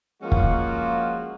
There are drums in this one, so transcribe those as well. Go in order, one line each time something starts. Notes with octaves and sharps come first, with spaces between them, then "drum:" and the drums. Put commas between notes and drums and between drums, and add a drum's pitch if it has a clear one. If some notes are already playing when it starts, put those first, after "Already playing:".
F3 G#3 A#3 C#4 F4 F#4
drum: kick